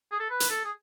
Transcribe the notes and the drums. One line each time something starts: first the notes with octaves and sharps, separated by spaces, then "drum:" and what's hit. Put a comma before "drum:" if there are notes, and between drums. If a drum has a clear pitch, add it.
G#4
A4
B4
drum: hi-hat
A4
G#4